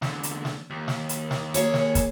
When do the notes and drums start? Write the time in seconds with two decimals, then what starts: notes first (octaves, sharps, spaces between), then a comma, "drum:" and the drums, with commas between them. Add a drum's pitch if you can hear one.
0.02 E2 D3, drum: snare
0.23 drum: hi-hat
0.45 drum: snare
0.70 D#2
0.88 drum: snare
1.09 drum: hi-hat
1.31 drum: snare
1.54 A#3 G#4 C#5, drum: hi-hat
1.74 drum: snare
1.95 drum: kick, hi-hat